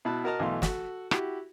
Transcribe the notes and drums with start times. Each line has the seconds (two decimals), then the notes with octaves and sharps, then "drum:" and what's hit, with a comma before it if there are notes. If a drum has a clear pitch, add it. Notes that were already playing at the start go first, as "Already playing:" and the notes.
0.05 B2 E4 A5 B5 F#6
0.24 F#4 A#4 D#5 A5 A#5 F6
0.39 B1 E3 A3 F5 C6
0.62 F#4 A4, drum: snare
1.11 E4 F#4 G4, drum: rim click